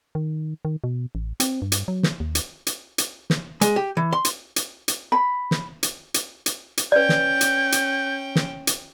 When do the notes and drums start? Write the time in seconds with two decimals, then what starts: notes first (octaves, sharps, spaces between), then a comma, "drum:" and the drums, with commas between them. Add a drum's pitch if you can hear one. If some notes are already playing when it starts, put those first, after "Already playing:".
0.15 D#3
0.65 D#3
0.84 B2
1.15 A1
1.40 C4, drum: hi-hat
1.62 G2
1.72 drum: hi-hat
1.88 F#3
2.03 drum: snare
2.20 D#2
2.35 drum: hi-hat
2.67 drum: hi-hat
2.98 drum: hi-hat
3.30 drum: snare
3.61 G#3, drum: hi-hat
3.76 G4
3.97 E3
4.13 C6
4.25 drum: hi-hat
4.56 drum: hi-hat
4.88 drum: hi-hat
5.12 B5
5.51 drum: snare
5.83 drum: hi-hat
6.14 drum: hi-hat
6.46 drum: hi-hat
6.77 drum: hi-hat
6.92 C#4 B4 D5 G5 G6
7.09 drum: snare
7.41 drum: hi-hat
7.72 drum: hi-hat
8.36 drum: snare
8.67 drum: hi-hat